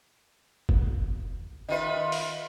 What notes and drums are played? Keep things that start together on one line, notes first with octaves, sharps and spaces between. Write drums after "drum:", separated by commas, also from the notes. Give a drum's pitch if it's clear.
drum: kick
D#3 F4 B4 D#5 E5
drum: open hi-hat